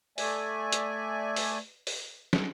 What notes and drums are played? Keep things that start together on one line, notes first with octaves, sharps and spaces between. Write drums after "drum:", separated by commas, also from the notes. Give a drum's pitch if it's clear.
A3 D5 E5 G#5, drum: open hi-hat
drum: hi-hat
drum: open hi-hat
drum: open hi-hat
drum: snare